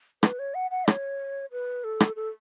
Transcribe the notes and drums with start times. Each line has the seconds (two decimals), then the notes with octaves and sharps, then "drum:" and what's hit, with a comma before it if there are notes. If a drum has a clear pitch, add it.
0.23 B4, drum: rim click
0.39 C#5
0.55 F#5
0.71 F#5
0.88 C#5, drum: rim click
1.52 B4
1.84 A4
2.00 drum: rim click
2.16 A4